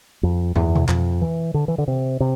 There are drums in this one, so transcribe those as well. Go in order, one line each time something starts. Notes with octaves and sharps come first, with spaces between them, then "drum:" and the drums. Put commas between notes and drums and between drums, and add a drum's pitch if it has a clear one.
F2
E2, drum: tom
drum: tom B2
F2, drum: clap
E3
D3
E3
D3
C3
C3